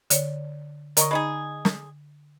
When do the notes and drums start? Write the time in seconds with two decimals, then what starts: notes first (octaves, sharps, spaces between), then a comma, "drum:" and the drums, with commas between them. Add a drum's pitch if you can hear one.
0.10 D3 C#5 D5, drum: hi-hat
0.97 D3 A#4 C#5 D#5 C#6, drum: hi-hat
1.11 G#3 D#4 G#4 B5
1.65 drum: snare